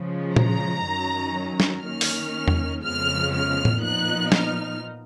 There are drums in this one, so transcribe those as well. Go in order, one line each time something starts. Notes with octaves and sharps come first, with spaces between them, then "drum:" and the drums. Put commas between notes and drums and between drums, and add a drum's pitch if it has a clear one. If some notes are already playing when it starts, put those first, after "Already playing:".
Already playing: C#3 F3 G#3
A#5, drum: tom A#2
F#2 D#3 F#3 C#4
drum: snare
D#3 A#3 C#4 F6
drum: open hi-hat
drum: tom E2
F2 C#3 F3 G#3 B3 F6
F6
drum: tom A2
A#2 F3 B3 D#4 F#6
F6, drum: snare